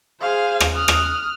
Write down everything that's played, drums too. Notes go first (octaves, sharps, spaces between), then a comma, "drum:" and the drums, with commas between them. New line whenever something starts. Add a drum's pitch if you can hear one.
G#4 C5 F5
drum: rim click
D#6 F6 F#6
drum: rim click